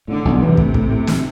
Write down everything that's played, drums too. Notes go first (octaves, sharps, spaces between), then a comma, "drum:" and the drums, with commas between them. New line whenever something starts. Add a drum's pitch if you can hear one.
A2 D3
B1
C3 E3
A2, drum: kick
A2, drum: kick
A2
drum: snare